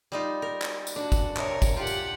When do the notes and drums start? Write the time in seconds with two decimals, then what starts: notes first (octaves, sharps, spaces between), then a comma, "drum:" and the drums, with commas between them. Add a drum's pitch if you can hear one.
0.12 G3 D#4 F4
0.42 A#4
0.62 drum: clap
0.87 drum: tambourine
0.96 D4 F#4
1.12 drum: kick, tambourine
1.37 C3 A#4 C#5, drum: clap
1.62 drum: kick, tambourine
1.77 F4 G4 F#5
1.87 drum: tambourine